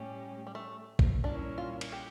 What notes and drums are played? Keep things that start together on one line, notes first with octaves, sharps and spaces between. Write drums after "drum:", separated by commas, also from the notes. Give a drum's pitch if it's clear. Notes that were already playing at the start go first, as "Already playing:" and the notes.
Already playing: A2 G3 C#4 G4
G3
A3
drum: kick
A#2 G3 C#4 D4 E4 A#4
F4
drum: cymbal
G4